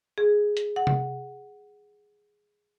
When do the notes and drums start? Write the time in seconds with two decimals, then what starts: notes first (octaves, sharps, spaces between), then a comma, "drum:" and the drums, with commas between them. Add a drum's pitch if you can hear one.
0.18 G#4
0.57 drum: hi-hat
0.76 F#5
0.87 drum: tom C3